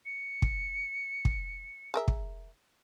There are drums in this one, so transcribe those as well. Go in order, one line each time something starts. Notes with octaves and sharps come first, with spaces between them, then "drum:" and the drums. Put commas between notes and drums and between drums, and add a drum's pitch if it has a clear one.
C#7
drum: kick
drum: kick
G#4 A#4 E5
drum: kick